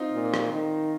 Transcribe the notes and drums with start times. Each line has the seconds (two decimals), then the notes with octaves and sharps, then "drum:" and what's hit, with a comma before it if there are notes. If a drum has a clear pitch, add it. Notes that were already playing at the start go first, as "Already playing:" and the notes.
Already playing: C4 D#4 F4
0.14 A#2
0.34 drum: rim click
0.52 D#3